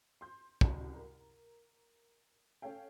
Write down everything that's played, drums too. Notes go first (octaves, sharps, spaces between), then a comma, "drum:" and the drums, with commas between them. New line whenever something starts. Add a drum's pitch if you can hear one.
C6 G6
C2 F#2, drum: kick
A#4
C#4 A4 C#5 F5 G5